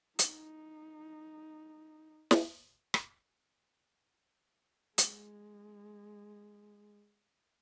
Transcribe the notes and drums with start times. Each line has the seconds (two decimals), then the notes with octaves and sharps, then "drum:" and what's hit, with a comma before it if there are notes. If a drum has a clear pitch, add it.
0.19 D#4, drum: hi-hat
2.31 drum: snare
2.94 drum: rim click
4.98 G#3, drum: hi-hat